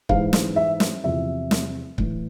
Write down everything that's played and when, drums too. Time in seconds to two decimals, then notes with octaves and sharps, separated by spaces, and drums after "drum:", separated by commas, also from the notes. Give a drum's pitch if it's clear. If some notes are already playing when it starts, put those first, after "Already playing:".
0.09 G#2 E3 F5, drum: kick C#1
0.33 drum: snare
0.56 E5
0.80 drum: snare
1.04 E2 C3 F3 E5
1.51 drum: snare
1.98 A2 E3, drum: kick C#1